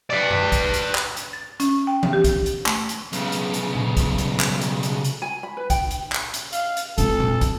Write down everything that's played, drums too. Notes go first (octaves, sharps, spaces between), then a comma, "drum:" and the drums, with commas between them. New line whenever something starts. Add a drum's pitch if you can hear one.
B4 D5
drum: tom
drum: kick, hi-hat
drum: hi-hat
drum: clap
drum: hi-hat
A6
C#4, drum: hi-hat
G5
drum: tom E3
G4
drum: kick, hi-hat
drum: hi-hat
A3, drum: clap
drum: hi-hat
B1 C#3, drum: hi-hat
drum: hi-hat
drum: hi-hat
drum: tom A#2
drum: kick, hi-hat
drum: hi-hat
drum: clap
drum: hi-hat
drum: hi-hat
drum: hi-hat
G#5
B5
B4
G5, drum: kick, hi-hat
drum: hi-hat
drum: clap
drum: hi-hat
F5, drum: hi-hat
drum: hi-hat
F2 G#3 A4, drum: hi-hat
drum: tom A#2
drum: kick, hi-hat